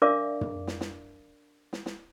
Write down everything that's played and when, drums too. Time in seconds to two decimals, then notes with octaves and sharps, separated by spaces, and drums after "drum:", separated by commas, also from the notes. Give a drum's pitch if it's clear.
0.02 D4 A#4 D5 E5 F5 D6
0.41 drum: tom
0.67 drum: snare
0.81 drum: snare
1.73 drum: snare
1.86 drum: snare